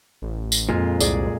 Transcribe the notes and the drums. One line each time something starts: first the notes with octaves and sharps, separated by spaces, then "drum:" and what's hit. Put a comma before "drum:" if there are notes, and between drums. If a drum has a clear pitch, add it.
A1
drum: tambourine
F2 A#2 G#3 F4
C2 G#4 D5, drum: tambourine